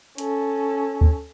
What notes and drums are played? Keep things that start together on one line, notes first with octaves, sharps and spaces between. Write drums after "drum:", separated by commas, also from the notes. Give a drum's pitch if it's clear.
C#4 A4, drum: hi-hat
drum: kick D2